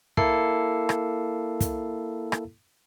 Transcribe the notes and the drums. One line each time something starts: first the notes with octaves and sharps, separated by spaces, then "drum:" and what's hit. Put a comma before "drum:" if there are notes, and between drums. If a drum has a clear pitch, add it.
A#3 E4 A4 C7, drum: kick
drum: rim click
drum: kick, hi-hat
drum: rim click